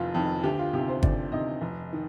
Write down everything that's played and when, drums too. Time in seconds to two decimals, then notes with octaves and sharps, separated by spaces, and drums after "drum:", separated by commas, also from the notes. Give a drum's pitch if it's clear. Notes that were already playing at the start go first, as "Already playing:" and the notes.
Already playing: F1 F2 D#3 F4
0.14 F2 D#3
0.43 D2 G4
0.59 F4
0.73 C3 D#3 G4
0.88 C5
1.03 D2 D5, drum: kick
1.32 C3 D#3 D#5
1.61 F1
1.93 D#3